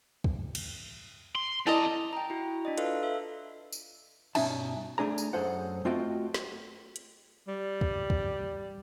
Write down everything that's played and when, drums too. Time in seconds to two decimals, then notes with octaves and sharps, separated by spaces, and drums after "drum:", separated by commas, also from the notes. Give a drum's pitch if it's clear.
0.24 drum: kick
0.55 drum: cymbal
1.35 C6
1.67 F2 E4 A4 D5 D#5 A#5
2.13 G5 A#5
2.30 E4 F#4
2.65 D4 D5 D#5
2.78 F4 A4 B4 D#5 F5, drum: hi-hat
3.03 A4 E5
3.72 drum: tambourine
4.35 G2 B2 C#4 D#4 E5 A5, drum: cymbal
4.98 A3 D4 G#4 A#5
5.18 drum: tambourine
5.33 F#2 G#4 A4 C5 F#5
5.85 A3 C4 F4 F#4 D#5 G5
6.34 drum: snare
6.96 drum: hi-hat
7.48 G3
7.81 drum: kick
8.10 drum: kick